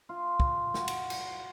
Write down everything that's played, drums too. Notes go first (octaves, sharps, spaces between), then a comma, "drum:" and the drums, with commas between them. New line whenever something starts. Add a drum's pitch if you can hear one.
F4
drum: kick
F#4, drum: snare
drum: cymbal
drum: cymbal